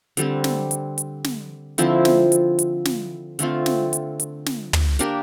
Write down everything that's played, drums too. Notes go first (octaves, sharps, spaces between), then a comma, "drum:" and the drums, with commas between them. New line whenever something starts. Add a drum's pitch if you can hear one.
D3 G3 C4, drum: hi-hat
drum: snare
drum: hi-hat
drum: hi-hat
drum: snare
D3 F3 C4 E4, drum: hi-hat
drum: snare
drum: hi-hat
drum: hi-hat
drum: snare
D3 A3 C4 F4, drum: hi-hat
drum: snare
drum: hi-hat
drum: hi-hat
drum: snare
drum: tom
A#3 D4 G4 A#4, drum: hi-hat